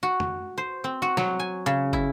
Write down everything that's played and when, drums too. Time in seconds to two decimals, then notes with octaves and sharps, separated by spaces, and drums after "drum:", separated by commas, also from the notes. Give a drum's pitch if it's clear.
0.03 F#4
0.20 drum: tom
0.58 C5
0.84 C4
1.02 F#4
1.17 F#3, drum: snare
1.39 G#5
1.66 C#3
1.93 E4, drum: kick